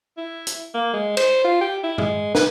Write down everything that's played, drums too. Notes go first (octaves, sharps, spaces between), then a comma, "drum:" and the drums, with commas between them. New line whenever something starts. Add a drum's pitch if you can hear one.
E4
drum: hi-hat
A#3
G#3
C5, drum: cymbal
F4
G4
E4
G#3, drum: tom G2
B4, drum: snare